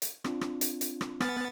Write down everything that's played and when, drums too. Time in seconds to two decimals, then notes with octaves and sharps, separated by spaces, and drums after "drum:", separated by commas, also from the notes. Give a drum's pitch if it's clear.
0.02 drum: hi-hat
0.24 C4 D4 F4, drum: rim click
0.41 drum: rim click
0.61 drum: hi-hat
0.81 drum: hi-hat
1.01 drum: rim click
1.20 B3 G#5 F6 A6, drum: rim click